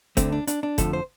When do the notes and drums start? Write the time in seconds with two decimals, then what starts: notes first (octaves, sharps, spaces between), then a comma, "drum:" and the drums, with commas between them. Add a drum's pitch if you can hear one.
0.17 D2 D3 A3 C4, drum: kick F#1, hi-hat
0.32 D4
0.47 D4, drum: hi-hat
0.63 D4
0.78 F2 D3 F3 A3 A4, drum: kick F#1, hi-hat
0.93 C5